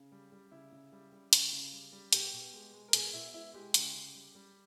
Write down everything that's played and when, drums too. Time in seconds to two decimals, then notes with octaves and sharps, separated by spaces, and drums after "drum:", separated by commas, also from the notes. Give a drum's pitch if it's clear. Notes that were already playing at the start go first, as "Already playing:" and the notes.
Already playing: C#3
0.12 G3
0.32 G3
0.51 C#3 E4
0.72 C#3
0.92 G3
1.12 G3
1.33 C#3, drum: hi-hat
1.53 C#3
1.72 G3
1.92 G3
2.13 B2 G4, drum: hi-hat
2.33 B2
2.53 G#3
2.73 G#3
2.88 A#4
2.93 B2 G#4, drum: hi-hat
3.13 B2 E4
3.33 G#3 E4
3.54 G#3 G4
3.74 C#3, drum: hi-hat
3.94 C#3
4.15 G3
4.35 G3